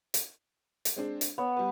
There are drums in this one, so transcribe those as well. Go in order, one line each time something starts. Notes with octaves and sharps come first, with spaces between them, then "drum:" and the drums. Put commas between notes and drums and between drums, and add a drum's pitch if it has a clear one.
drum: hi-hat
drum: hi-hat
G#3 C4 D4
drum: hi-hat
B3 C#5
G3 B4